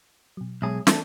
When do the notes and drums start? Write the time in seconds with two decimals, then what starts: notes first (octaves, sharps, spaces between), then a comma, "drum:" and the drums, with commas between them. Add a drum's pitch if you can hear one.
0.37 B2 F#3
0.62 B1 G#3 G#4 C#5 E5
0.87 E3 A3 C4 D4, drum: snare